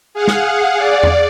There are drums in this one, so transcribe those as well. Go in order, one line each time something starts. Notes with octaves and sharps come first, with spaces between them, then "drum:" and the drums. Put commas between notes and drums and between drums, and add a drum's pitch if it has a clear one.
G#4 F5 F#5
drum: snare
D5
drum: tom E2